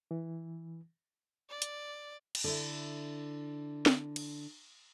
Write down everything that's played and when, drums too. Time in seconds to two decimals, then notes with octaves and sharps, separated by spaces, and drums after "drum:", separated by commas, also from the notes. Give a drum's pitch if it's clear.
0.11 E3
1.49 D5
1.62 drum: hi-hat
2.35 drum: cymbal
2.44 D3 E4
3.86 drum: snare
4.16 drum: cymbal